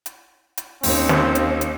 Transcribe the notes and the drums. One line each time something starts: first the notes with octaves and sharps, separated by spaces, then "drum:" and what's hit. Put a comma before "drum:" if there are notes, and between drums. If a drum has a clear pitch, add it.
drum: hi-hat
drum: hi-hat
D#2 C4 C#4, drum: open hi-hat
drum: snare
drum: hi-hat
drum: hi-hat